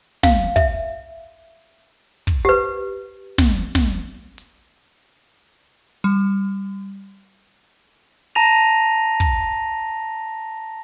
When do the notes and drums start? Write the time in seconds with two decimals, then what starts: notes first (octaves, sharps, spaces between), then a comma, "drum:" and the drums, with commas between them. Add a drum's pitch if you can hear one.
0.23 F5, drum: snare
0.56 E5, drum: kick
2.27 drum: kick
2.45 G4 B4
3.38 drum: snare
3.75 drum: snare
4.38 drum: hi-hat
6.04 G3
8.35 A5 A#5 A#6 D#7 F7
9.20 drum: kick